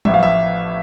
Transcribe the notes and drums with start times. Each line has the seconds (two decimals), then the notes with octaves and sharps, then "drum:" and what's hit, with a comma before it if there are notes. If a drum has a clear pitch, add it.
0.05 A1 A2 F3 B3 E5, drum: tom F#3
0.14 F5
0.23 E5